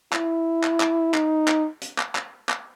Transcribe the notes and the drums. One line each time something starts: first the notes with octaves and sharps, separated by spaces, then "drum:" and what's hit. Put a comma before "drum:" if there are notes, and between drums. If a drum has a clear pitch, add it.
E4, drum: clap
drum: clap
drum: clap
D#4, drum: clap
drum: clap
drum: hi-hat
drum: clap
drum: clap
drum: clap